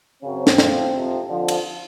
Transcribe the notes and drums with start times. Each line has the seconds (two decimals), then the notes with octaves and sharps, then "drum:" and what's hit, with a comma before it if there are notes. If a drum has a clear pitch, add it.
0.23 F#2 C#3 F#3 C4
0.47 drum: snare
0.58 A2 F3, drum: snare
0.94 F2 C3 F3
1.29 F2 D3 F3
1.48 drum: cymbal